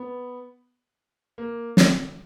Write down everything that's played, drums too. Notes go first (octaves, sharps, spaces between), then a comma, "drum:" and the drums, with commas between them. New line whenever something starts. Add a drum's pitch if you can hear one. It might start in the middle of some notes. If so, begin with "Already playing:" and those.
Already playing: B3
A#3
drum: snare